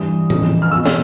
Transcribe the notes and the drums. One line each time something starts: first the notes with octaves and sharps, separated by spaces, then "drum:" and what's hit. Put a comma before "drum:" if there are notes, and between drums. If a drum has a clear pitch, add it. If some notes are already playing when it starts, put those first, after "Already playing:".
Already playing: G2 E3 D#6
F2 C#3 E3, drum: tom A2
F6
E2 B2 E6
drum: snare